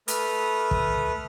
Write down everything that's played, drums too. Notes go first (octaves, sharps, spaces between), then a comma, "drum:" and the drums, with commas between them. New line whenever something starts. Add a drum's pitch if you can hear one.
A3 B4 D#6 F6, drum: hi-hat
drum: kick